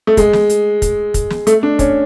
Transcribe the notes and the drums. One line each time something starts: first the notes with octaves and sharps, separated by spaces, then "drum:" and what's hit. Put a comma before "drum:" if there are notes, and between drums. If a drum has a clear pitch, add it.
A3
G#3, drum: kick, hi-hat
drum: snare
drum: hi-hat
drum: kick, hi-hat
drum: kick, hi-hat
drum: snare
A3, drum: hi-hat
D4
C#4, drum: kick, hi-hat